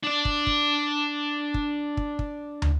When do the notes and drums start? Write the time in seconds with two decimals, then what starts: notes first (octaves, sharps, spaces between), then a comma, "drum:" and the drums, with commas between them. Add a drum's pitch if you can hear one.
0.04 D4 D5
0.25 drum: kick
0.47 drum: kick
1.54 drum: kick
1.97 drum: kick
2.19 drum: kick
2.62 drum: tom